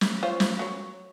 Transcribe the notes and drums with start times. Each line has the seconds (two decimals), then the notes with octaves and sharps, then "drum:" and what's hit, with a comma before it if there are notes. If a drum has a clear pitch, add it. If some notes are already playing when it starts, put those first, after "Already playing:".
0.01 drum: snare
0.23 F4 C5 C#5
0.40 drum: snare
0.59 F#3 C#5